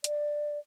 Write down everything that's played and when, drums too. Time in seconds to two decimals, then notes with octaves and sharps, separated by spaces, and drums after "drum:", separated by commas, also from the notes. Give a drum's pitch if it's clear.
0.04 D5, drum: hi-hat